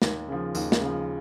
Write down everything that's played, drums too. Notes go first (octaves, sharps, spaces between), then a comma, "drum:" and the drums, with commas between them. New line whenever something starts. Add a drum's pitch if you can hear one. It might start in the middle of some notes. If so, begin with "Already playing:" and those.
D#2, drum: snare
C#3 F3
D#2, drum: tambourine
drum: snare
C#3 F3